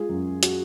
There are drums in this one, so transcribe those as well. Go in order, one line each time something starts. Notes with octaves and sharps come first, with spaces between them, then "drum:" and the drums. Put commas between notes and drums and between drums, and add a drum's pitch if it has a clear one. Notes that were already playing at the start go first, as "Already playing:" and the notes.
Already playing: G#3 F4 G#4
F#2
F#4, drum: hi-hat